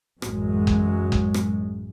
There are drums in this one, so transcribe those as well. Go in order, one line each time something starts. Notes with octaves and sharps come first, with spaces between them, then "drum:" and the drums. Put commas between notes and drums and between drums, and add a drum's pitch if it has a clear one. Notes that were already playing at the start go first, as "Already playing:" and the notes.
A1 F#2 F#3 G#3, drum: rim click
drum: kick F#1
drum: kick F#1
drum: rim click